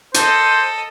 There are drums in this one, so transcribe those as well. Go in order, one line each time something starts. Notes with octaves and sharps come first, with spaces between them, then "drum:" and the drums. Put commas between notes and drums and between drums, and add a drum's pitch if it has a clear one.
A4 C5 D#5, drum: hi-hat